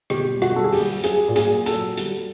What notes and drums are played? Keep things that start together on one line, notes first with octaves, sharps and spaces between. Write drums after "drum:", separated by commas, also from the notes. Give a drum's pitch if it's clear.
B2 G4, drum: rim click
G3
F#4, drum: rim click
G3 A4
G#4
G4, drum: open hi-hat
G3
F#3 G#4, drum: hi-hat
A#2
G#4, drum: hi-hat
F#3
A4, drum: hi-hat
F#3
G3, drum: hi-hat